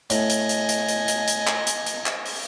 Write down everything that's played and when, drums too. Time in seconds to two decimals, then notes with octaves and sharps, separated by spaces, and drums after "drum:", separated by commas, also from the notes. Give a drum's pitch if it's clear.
0.10 A2 D#5 G#5, drum: hi-hat
0.30 drum: hi-hat
0.49 drum: hi-hat
0.69 drum: hi-hat
0.88 drum: hi-hat
1.08 drum: hi-hat
1.28 drum: hi-hat
1.47 drum: clap
1.67 drum: hi-hat
1.86 drum: hi-hat
2.06 drum: clap
2.26 drum: open hi-hat